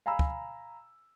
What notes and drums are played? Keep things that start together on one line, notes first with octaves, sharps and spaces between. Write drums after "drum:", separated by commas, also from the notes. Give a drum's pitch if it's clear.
F5 G#5 A#5 B5 E6
drum: kick